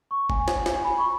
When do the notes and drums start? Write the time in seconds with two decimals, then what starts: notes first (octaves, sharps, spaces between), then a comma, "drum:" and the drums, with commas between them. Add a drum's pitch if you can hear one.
0.11 C#6
0.30 G#5, drum: kick F#1
0.48 drum: snare
0.66 drum: snare
0.76 G#5
0.84 B5
0.98 C#6